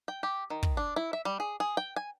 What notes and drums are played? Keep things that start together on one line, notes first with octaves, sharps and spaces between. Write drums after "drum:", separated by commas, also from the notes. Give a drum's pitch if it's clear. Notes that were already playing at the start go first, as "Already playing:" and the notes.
G5
G4
D#3
drum: kick
D4
E4
E5
G3
G#4
G#4
G5
G#5